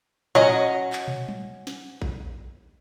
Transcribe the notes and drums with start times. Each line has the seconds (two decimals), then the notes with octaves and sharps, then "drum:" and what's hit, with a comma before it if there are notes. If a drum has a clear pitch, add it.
0.35 F#3 C#4 D#5, drum: tom A2
0.93 drum: clap
1.08 drum: tom
1.29 drum: tom
1.67 drum: snare
2.02 drum: kick A#1